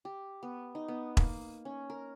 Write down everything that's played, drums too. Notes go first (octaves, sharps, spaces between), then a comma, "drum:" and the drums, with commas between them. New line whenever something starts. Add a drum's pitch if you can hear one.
G4
B3
D#4
B3
A#3, drum: kick E1
C#4
A#4